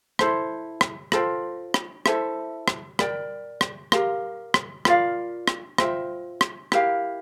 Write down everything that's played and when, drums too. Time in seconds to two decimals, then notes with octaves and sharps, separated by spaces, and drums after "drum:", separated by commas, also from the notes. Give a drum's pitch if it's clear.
0.19 E4 A4 C5, drum: rim click
0.81 drum: rim click
1.12 F4 A4 C5 G5, drum: rim click
1.74 drum: rim click
2.06 E4 A4 C5 E5, drum: rim click
2.68 drum: rim click
2.99 A#4 D5 G5, drum: rim click
3.61 drum: rim click
3.92 G4 A#4 F5, drum: rim click
4.54 drum: rim click
4.85 F4 A#4 D5 F5, drum: rim click
5.48 drum: rim click
5.78 F4 C5 E5 G5, drum: rim click
6.41 drum: rim click
6.72 E4 G4 A#4 F5, drum: rim click